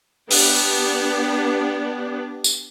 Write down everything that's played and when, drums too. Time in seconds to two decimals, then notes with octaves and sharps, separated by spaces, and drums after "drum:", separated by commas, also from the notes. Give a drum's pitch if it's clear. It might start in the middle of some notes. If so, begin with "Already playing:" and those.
0.31 B3 D4 G4, drum: open hi-hat
2.44 drum: tambourine